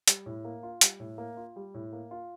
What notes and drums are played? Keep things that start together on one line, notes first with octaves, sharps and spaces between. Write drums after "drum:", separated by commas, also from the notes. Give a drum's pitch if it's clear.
G3, drum: hi-hat
A2
A#3
F4
G3, drum: hi-hat
A2
A#3
F4
G3
A2
A#3
F4